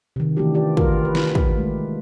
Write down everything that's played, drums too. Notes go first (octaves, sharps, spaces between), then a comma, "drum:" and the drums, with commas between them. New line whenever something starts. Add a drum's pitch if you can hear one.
C3 D#3
D#3 E3 A3 D4 F#4 G4
F4 G4 D5
F4 F#4 A#4, drum: kick
B4
drum: snare
drum: kick
G#3 A3